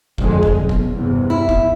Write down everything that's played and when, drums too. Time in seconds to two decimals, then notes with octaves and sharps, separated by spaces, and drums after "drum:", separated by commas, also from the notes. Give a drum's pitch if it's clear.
0.18 F2 D3 G#3, drum: kick
0.43 drum: kick
0.56 B1
0.69 drum: kick
0.93 E2 G2 C3
1.30 E4
1.49 drum: kick